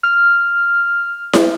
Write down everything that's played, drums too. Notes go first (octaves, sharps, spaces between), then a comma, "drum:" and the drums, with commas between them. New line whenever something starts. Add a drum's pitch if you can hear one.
F6
drum: snare E4